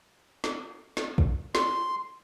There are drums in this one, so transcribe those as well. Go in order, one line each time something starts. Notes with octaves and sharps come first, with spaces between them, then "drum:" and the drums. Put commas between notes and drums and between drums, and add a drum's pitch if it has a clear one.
drum: snare
drum: snare
drum: kick
C6, drum: snare